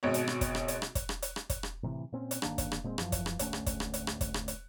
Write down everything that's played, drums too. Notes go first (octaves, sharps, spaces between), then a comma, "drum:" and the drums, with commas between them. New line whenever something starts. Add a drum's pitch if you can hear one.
G#1 B2 C#5
drum: hi-hat
drum: rim click
drum: kick, hi-hat
drum: rim click
drum: hi-hat
drum: rim click
drum: kick, hi-hat
drum: rim click
drum: hi-hat
drum: rim click
drum: kick, hi-hat
drum: rim click
A2 C3 E3
A#2 C4 C#4
drum: hi-hat
G1 D#3 A#3 D4, drum: rim click
drum: kick, hi-hat
drum: rim click
A#2 G#3 C4
F#2 E3 F3, drum: rim click
drum: kick, hi-hat
drum: rim click
G#1 D2 A3 C#4, drum: hi-hat
drum: rim click
drum: kick, hi-hat
drum: rim click
drum: hi-hat
drum: rim click
drum: kick, hi-hat
drum: rim click
drum: hi-hat